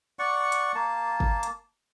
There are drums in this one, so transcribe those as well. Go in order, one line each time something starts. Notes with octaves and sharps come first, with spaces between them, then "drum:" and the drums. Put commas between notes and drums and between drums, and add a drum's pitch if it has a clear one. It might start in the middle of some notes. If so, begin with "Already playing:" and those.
D5 F#5 C#6
drum: hi-hat
A#3 A5
drum: kick
drum: hi-hat